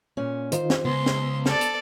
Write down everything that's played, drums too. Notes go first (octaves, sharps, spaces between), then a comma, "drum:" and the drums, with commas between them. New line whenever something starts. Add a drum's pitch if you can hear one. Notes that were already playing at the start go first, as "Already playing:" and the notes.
A#2 C#4
D#3 D#4 F4 C5, drum: hi-hat
drum: snare
C#2 B3 C6
drum: snare
A4 D5, drum: snare
drum: hi-hat